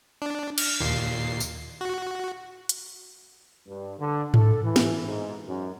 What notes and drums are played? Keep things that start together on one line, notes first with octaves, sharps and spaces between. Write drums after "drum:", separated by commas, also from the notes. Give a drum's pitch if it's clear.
D4
F6, drum: cymbal
D#2 A#2 C7
drum: tambourine
F#4
drum: hi-hat
G2
D3
A4, drum: tom G#2
E3
drum: snare
G#2
F#2